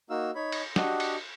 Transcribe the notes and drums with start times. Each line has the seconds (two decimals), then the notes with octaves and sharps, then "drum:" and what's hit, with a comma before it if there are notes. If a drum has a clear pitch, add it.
0.10 A#3 D#4 F#4 F5 E6
0.35 D#4 C#5 B5
0.52 drum: cymbal
0.76 D4 F#4 G4 D#5 F#5, drum: snare
1.00 drum: cymbal